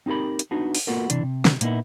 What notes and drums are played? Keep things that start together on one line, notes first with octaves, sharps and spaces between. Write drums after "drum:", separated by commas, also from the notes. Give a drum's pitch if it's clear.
C4 D#4 G4 A#4 B5
drum: hi-hat
B3 D4 D#4 F#4
drum: open hi-hat
A#3 B3 F4 F#4 A4 A#4
C3 E3 D4, drum: hi-hat
C3
drum: snare
A#2 A#3 B3 D#4 E4, drum: hi-hat